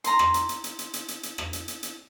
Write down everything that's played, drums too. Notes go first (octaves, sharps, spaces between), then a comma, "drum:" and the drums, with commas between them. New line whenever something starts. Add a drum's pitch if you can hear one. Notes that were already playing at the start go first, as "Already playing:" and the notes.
A#5 C6, drum: hi-hat
drum: rim click
drum: hi-hat
drum: hi-hat
drum: hi-hat
drum: hi-hat
drum: hi-hat
drum: hi-hat
drum: hi-hat
drum: rim click
drum: hi-hat
drum: hi-hat
drum: hi-hat